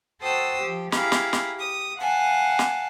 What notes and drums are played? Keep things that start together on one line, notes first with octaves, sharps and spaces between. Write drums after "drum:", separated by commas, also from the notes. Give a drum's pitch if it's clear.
F#4 A4 C5 G5 D#6 E6
F3 G4
E4 G4 G#4 F5 A#5 B5, drum: snare
drum: snare
drum: snare
G4 D#6
F5 F#5 G#5 A5
drum: snare